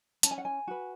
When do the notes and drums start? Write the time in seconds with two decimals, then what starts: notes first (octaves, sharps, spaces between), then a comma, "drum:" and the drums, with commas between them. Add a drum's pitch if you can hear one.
0.23 C#4 A5, drum: hi-hat
0.31 G#5
0.38 F#5
0.45 G#5
0.67 F#4 B4